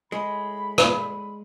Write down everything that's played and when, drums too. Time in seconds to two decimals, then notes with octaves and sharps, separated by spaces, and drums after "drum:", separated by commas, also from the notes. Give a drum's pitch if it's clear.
0.12 A2 G#3 B5
0.78 drum: rim click